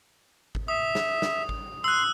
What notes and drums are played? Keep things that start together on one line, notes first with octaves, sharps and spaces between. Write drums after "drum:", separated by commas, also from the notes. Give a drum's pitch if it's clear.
drum: kick G#1
E5 D#6
drum: snare
drum: snare
drum: kick G#1
C6 E6 F#6